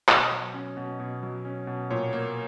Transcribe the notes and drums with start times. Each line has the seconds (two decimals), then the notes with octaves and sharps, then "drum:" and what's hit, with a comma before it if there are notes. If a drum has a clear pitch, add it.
0.09 B2 D#5, drum: clap
0.31 F#3
0.54 C#4
0.77 B2
1.00 B2
1.23 F#3
1.45 C#4
1.67 B2
1.90 A#2 C#5
2.13 A#3